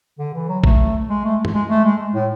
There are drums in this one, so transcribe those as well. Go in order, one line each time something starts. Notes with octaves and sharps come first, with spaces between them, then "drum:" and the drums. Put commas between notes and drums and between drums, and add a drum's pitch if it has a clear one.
D3
E3
F#3
A3, drum: kick A1
G#3
A3
drum: tom
G#3
A3
G#3
A2